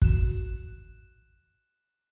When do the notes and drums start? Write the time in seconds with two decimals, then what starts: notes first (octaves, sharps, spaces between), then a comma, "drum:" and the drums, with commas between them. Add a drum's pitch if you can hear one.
0.02 F#4 F#6 E7, drum: kick